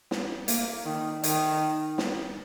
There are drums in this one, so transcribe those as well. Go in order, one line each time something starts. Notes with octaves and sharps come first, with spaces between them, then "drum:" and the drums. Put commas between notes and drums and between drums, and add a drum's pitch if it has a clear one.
drum: snare
A#3, drum: hi-hat
D#3
D#3, drum: hi-hat
drum: snare